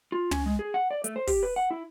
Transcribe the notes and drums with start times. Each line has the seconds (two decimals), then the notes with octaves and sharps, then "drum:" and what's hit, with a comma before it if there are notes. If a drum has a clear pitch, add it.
0.12 F4
0.31 C#4, drum: tom
0.46 G#3
0.59 G#4
0.74 F#5
0.91 D5
1.04 A3, drum: hi-hat
1.16 C5
1.27 G4, drum: kick, open hi-hat
1.43 B4
1.56 F#5
1.71 E4